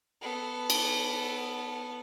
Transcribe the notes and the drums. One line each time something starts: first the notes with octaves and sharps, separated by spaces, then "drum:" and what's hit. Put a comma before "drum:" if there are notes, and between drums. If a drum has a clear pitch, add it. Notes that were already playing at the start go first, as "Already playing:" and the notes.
B3 A4
drum: cymbal